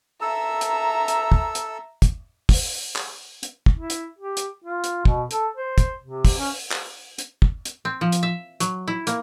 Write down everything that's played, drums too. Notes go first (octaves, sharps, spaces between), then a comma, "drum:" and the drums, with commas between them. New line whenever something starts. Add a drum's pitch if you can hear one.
A4 E5 A#5 E6
drum: hi-hat
drum: hi-hat
drum: kick
drum: hi-hat
drum: kick, hi-hat
drum: kick, open hi-hat
drum: clap
drum: hi-hat
drum: kick
E4
drum: hi-hat
G4
drum: hi-hat
F4
drum: hi-hat
B2, drum: kick
A4, drum: hi-hat
C5
drum: kick, hi-hat
C3
drum: kick, open hi-hat
C#4
drum: clap
drum: hi-hat
drum: kick
drum: hi-hat
C4
F3
drum: hi-hat
E5
F#3, drum: hi-hat
E4
A#3, drum: hi-hat